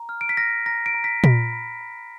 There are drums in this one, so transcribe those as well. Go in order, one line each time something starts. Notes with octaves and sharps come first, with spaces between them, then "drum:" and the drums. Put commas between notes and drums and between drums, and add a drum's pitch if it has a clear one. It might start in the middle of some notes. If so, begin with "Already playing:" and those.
Already playing: A#5
F6
D7
B6
F6 A#6
A#5 A#6
D7
A#5
B6
B5 B6, drum: tom A#2
B5
B5